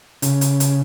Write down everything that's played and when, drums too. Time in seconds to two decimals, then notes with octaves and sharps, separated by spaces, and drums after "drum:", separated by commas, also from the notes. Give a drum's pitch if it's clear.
0.22 C#3, drum: hi-hat
0.41 drum: hi-hat
0.60 drum: hi-hat